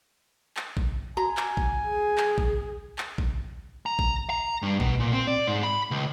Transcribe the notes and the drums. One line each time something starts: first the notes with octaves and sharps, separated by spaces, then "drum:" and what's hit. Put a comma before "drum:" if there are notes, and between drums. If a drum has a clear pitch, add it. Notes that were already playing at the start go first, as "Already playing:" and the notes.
drum: clap
drum: kick A1
F#4 G#5 A#5
drum: clap
drum: kick A1
G#4
drum: clap
drum: kick A1
drum: clap
drum: kick A1
A#5
drum: kick A1
A#5
G2
B2, drum: kick A1
A#2
C4
D5
G#2
B5
C#2